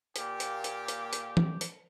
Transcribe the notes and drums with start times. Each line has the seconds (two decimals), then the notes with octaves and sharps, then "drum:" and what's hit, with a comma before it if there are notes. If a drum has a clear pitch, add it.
0.16 A#2 A#3 G4, drum: hi-hat
0.40 drum: hi-hat
0.64 drum: hi-hat
0.88 drum: hi-hat
1.13 drum: hi-hat
1.37 drum: tom E3
1.61 drum: hi-hat